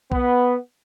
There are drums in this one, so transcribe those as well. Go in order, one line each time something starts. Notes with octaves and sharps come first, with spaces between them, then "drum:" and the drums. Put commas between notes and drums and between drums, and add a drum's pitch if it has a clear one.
B3, drum: kick B1